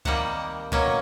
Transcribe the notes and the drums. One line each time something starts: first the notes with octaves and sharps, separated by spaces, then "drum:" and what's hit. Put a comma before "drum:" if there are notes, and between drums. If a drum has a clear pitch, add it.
C3 D#3 G3 A#3 F#5, drum: kick C#2
B2 F#3 A#3 C#4, drum: kick C#2